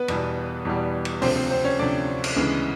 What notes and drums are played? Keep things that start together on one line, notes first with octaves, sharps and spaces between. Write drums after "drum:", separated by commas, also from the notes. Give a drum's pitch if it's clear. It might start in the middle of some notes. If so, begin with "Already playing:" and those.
Already playing: B3 B4
E2 B2 G3, drum: cymbal
E2 B2 G3
drum: cymbal
D2 C3 F3 C4 C5, drum: open hi-hat
C4 C5
C4 C5
C#4 C#5
D2 C3 F3 D4 D5
drum: cymbal
D2 C#3 E3 G#3 B3